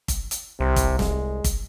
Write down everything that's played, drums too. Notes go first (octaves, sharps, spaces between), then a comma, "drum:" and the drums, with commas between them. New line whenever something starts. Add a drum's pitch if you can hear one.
drum: kick, hi-hat
drum: hi-hat
C2 C3
drum: kick, hi-hat
G#3, drum: snare
drum: kick, hi-hat